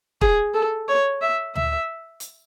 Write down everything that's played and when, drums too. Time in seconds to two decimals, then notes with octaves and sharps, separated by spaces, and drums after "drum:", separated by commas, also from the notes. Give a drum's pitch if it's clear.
0.21 G#4, drum: kick
0.54 A4
0.88 C#5
1.21 E5
1.55 E5, drum: tom D2
2.20 drum: hi-hat